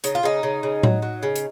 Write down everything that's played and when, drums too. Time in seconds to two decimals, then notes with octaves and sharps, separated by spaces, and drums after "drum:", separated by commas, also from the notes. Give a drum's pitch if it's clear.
0.04 C#3 D#4, drum: hi-hat
0.15 F4
0.23 C#3 D#4
0.43 C#3
0.63 C#3
0.83 F#3, drum: tom A2
1.02 F#3
1.23 C#3
1.36 drum: hi-hat